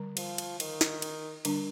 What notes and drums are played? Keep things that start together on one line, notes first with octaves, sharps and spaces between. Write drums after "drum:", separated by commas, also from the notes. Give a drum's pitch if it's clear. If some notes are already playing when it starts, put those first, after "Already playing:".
Already playing: D3 G3
F3, drum: cymbal
drum: cymbal
D#3, drum: cymbal
drum: snare
drum: cymbal
D3 G3 D4, drum: cymbal